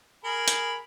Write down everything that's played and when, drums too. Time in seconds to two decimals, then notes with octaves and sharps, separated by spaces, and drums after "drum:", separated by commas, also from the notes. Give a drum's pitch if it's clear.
0.24 G#4 A#4 B5
0.48 drum: hi-hat